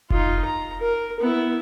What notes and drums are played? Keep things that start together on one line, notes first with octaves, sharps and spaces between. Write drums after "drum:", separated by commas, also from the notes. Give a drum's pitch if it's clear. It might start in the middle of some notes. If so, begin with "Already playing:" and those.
D#4 F4, drum: kick F1
A#5
A#4
B3 E4